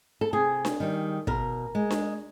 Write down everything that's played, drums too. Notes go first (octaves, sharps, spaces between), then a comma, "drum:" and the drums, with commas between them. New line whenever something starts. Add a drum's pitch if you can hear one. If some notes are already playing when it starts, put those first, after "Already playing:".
A4
C3 G#4
drum: snare D4
D#3 G3
B2 A#4, drum: kick
G#3
drum: snare D4